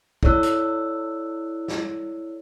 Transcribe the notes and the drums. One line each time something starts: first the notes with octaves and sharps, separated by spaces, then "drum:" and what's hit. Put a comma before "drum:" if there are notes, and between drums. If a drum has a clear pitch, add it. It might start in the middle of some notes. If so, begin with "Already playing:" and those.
E4 A4 C#5 D5 E6 F#6, drum: kick
drum: hi-hat
drum: snare